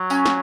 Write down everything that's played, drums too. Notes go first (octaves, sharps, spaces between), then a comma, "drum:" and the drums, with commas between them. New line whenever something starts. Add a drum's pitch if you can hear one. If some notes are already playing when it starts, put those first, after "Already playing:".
Already playing: F#3
C#4, drum: tambourine
drum: snare